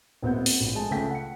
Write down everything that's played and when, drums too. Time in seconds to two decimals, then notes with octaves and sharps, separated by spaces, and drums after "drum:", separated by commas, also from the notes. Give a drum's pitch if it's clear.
0.23 D#1 B3 C4 F#5 G6
0.46 drum: open hi-hat
0.60 A#1
0.75 G#3 A3 A5
0.91 C#2 A3 G5 B6
1.11 F#5 C#7